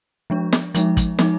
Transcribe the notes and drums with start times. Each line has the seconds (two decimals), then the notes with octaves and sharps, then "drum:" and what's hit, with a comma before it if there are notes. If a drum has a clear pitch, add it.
0.30 F3 G#3 D4
0.53 drum: snare
0.74 F3 G#3 D#4, drum: hi-hat
0.97 drum: kick, hi-hat
1.19 F3 G#3 D#4, drum: snare